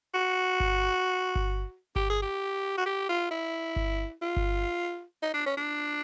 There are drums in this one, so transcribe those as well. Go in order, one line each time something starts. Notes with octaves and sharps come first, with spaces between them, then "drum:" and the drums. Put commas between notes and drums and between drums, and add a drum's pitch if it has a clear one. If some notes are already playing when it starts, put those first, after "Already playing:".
F#4
drum: kick G1
drum: kick G1
G4, drum: kick G1
G#4
G4
F#4
G4
F4
E4
drum: kick G1
F4
drum: kick G1
D#4
D4
C#4
D4